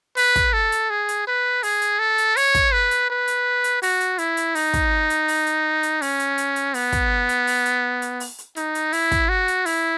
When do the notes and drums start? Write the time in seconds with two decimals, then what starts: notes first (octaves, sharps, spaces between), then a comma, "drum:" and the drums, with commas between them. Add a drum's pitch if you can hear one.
0.17 B4, drum: open hi-hat
0.36 drum: kick, hi-hat
0.53 A4
0.72 drum: hi-hat
0.90 G#4
1.09 drum: hi-hat
1.27 B4
1.63 G#4, drum: open hi-hat
1.82 drum: hi-hat
1.99 A4
2.18 drum: hi-hat
2.37 C#5, drum: open hi-hat
2.55 drum: kick, hi-hat
2.72 B4
2.91 drum: hi-hat
3.10 B4
3.27 drum: hi-hat
3.64 drum: hi-hat
3.82 F#4, drum: open hi-hat
4.00 drum: hi-hat
4.18 E4, drum: hi-hat
4.37 drum: hi-hat
4.55 D#4, drum: open hi-hat
4.73 drum: kick, hi-hat
5.10 drum: hi-hat
5.28 drum: open hi-hat
5.46 drum: hi-hat
5.83 drum: hi-hat
6.02 C#4, drum: open hi-hat
6.19 drum: hi-hat
6.38 drum: hi-hat
6.56 drum: hi-hat
6.74 B3, drum: open hi-hat
6.92 drum: kick, hi-hat
7.29 drum: hi-hat
7.47 drum: open hi-hat
7.65 drum: hi-hat
8.02 drum: hi-hat
8.20 drum: open hi-hat
8.38 drum: hi-hat
8.56 D#4, drum: hi-hat
8.75 drum: hi-hat
8.93 E4, drum: open hi-hat
9.11 drum: kick, hi-hat
9.29 F#4
9.48 drum: hi-hat
9.66 E4, drum: open hi-hat